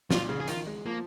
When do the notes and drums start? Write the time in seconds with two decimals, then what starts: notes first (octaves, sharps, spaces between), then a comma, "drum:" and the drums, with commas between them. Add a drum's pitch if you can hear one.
0.11 A#2 F4, drum: snare
0.29 C#3
0.40 G#4
0.48 D#3 F4, drum: hi-hat
0.67 G#3
0.86 F3 A#3